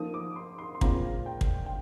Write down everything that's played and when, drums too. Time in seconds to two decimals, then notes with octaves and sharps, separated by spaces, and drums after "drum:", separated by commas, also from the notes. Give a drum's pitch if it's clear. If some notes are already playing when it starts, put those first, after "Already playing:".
Already playing: F3 A#3 D#4 D#6
0.14 D6
0.36 C6
0.59 C6
0.75 C6
0.81 A#2 G#3 C4 F4 A#5, drum: kick
1.26 G5
1.41 drum: kick
1.66 G5